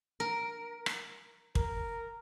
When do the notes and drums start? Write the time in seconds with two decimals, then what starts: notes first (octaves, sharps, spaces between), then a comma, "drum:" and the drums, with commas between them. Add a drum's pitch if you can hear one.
0.20 A#4
0.86 drum: rim click
1.55 A#4, drum: kick